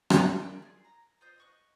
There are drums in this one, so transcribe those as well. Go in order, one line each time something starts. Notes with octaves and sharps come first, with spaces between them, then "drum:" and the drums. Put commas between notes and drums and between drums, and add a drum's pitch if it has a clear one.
drum: rim click
F4 B5 C#6 E6
A#4 D5 E5 G5
F4 G#4
A#5
F4 C5 D#5 G6
D#5 C#6 F#6